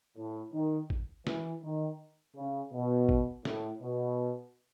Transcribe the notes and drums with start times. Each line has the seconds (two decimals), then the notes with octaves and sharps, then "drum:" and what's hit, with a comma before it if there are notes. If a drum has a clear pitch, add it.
0.17 A2
0.53 D#3
0.90 drum: kick
1.27 E3, drum: snare
1.63 D#3
2.36 C#3
2.72 B2
3.09 drum: kick
3.45 A2, drum: snare
3.81 B2